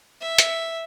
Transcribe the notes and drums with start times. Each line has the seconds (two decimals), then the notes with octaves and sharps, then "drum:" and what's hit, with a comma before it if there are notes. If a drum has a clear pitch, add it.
0.21 E5
0.38 drum: hi-hat